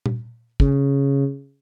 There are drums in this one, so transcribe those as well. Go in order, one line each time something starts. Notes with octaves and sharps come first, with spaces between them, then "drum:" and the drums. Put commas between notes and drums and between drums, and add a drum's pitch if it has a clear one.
drum: tom A#2
C#3, drum: kick